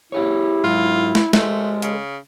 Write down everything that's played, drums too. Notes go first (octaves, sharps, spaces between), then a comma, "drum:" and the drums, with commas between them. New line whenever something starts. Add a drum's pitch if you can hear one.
E4 G4 G#4 C#5
G#2 F#3 F4 F#4
drum: snare
G#3 A3 A4 B4 C5, drum: snare
C#3, drum: hi-hat